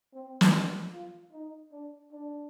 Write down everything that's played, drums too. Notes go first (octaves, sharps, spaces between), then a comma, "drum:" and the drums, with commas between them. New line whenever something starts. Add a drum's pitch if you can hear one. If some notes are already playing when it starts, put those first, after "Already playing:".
C4
drum: snare
D4
F4
D#4
D4
D4